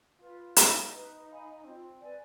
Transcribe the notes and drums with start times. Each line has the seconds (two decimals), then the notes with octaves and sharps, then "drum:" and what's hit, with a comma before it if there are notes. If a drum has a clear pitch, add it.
0.21 F4 B4
0.56 D#4 F5 G#5 B5, drum: hi-hat
0.94 B4
1.30 F5 G#5 B5
1.65 C4 F4
2.01 B4 D5 G#5